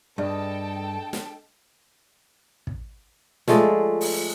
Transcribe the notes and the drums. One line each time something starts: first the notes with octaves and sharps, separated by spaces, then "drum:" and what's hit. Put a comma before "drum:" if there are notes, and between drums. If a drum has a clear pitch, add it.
G2 D4 G#4 A4 D#5 G5 A5
drum: snare
drum: kick
F3 G#3 A3 D5, drum: snare
drum: open hi-hat